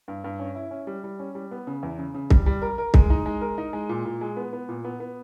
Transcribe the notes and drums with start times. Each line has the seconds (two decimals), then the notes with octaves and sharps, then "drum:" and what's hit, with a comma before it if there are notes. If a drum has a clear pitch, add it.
0.08 G2
0.24 G2
0.39 C#4
0.55 E4
0.71 C#4
0.87 G3
1.04 G3
1.19 C#4
1.35 G3
1.51 B3
1.67 C#3
1.83 E2
1.98 C#3
2.14 C#3
2.30 G3, drum: kick C2
2.46 G3
2.62 A#4
2.78 A#4
2.94 G#3, drum: kick C2
3.10 D#4
3.26 G#3
3.41 A#4
3.58 D#4
3.73 G#3
3.89 A#2
4.05 A#2
4.21 G#3
4.37 B3
4.53 B3
4.69 A#2
4.85 B3
5.00 B3